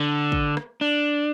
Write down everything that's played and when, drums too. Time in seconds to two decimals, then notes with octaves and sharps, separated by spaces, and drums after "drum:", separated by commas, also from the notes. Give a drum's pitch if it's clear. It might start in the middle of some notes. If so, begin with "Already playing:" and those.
Already playing: D3
0.32 drum: kick
0.57 drum: rim click
0.81 D4